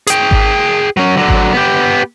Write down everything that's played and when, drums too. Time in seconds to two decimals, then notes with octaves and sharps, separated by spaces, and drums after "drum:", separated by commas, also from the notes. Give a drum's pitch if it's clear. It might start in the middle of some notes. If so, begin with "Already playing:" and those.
0.07 G#4 G5, drum: hi-hat
0.31 drum: kick G#1
0.97 F#3 C#4
1.17 D3 F#3
1.28 drum: kick G#1
1.53 B3 G4